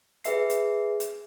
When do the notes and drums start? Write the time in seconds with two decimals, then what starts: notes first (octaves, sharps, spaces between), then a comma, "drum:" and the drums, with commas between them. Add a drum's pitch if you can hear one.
0.24 G#4 B4 E5 C7, drum: hi-hat
0.50 drum: hi-hat
1.00 drum: hi-hat